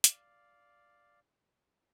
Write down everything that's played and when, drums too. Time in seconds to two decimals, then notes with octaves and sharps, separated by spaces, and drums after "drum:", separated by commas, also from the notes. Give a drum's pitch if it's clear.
0.04 D5 F5, drum: hi-hat